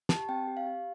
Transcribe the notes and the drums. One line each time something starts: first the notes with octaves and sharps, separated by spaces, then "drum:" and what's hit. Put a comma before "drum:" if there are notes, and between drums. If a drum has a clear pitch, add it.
G4 A5, drum: snare
C4 G5
G4
F5
G4